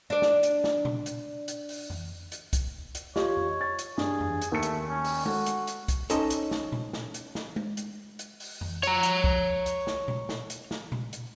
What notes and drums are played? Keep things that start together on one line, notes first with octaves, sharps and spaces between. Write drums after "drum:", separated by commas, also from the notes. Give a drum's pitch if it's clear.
D4 D5
drum: snare
drum: hi-hat
drum: snare
drum: tom A#2
drum: hi-hat
drum: hi-hat
drum: open hi-hat
drum: tom F2
drum: hi-hat
drum: kick, hi-hat
drum: hi-hat
F4 G4 C#5 D#5, drum: snare
drum: tom F2
A6
drum: hi-hat
G2 G#4, drum: snare
drum: tom F2
drum: hi-hat
D#2 A3 C#7
drum: hi-hat
C#4
drum: open hi-hat
F#4 A4, drum: tom G#3
drum: hi-hat
drum: hi-hat
drum: kick, hi-hat
C#4 D#4 A4 C5 D#5, drum: hi-hat
drum: hi-hat
drum: snare
drum: tom A#2
drum: snare
drum: hi-hat
drum: snare
drum: tom G#3
drum: hi-hat
drum: hi-hat
drum: open hi-hat
drum: tom F2
C#5 A#5, drum: hi-hat
drum: hi-hat
drum: kick
drum: hi-hat
drum: snare
drum: tom A#2
drum: snare
drum: hi-hat
drum: snare
drum: tom A#2
drum: hi-hat